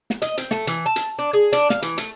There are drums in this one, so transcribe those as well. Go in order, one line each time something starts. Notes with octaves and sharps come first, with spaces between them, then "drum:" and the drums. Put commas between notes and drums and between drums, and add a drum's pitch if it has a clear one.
drum: snare
D#5, drum: hi-hat
C4, drum: hi-hat
A3, drum: snare
E3, drum: hi-hat
A5
drum: hi-hat
D4
G#4
D4, drum: hi-hat
F5, drum: snare
E3, drum: hi-hat
A3, drum: hi-hat